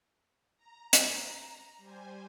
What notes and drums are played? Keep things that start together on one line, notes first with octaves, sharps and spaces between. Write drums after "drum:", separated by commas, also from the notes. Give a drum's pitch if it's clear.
A#5
drum: hi-hat
G3 C5 G#5